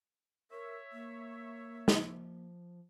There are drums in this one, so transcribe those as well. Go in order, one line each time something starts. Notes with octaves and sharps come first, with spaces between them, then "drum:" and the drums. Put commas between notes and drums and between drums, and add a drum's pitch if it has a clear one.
A#4 C#5 E5
A#3
F3, drum: snare